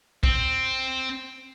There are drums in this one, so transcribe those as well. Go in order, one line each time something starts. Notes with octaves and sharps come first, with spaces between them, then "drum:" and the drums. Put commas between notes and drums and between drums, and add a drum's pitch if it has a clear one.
C4, drum: kick